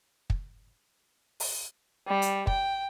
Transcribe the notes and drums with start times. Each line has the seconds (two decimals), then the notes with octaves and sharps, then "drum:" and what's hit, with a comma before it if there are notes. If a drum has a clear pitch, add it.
0.30 drum: kick
1.40 drum: open hi-hat
2.06 G3
2.22 drum: hi-hat
2.47 G5, drum: kick